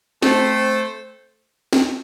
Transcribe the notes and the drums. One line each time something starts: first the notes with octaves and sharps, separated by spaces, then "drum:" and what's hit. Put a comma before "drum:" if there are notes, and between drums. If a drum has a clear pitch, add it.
A3 C4 A4 C5, drum: snare
drum: snare